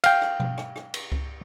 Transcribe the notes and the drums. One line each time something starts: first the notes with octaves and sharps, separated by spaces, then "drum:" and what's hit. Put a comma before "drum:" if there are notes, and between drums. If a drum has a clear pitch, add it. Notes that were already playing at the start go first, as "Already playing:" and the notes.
F5 G5, drum: cymbal
drum: rim click
drum: tom B2
drum: rim click
drum: rim click
drum: cymbal
drum: kick C#2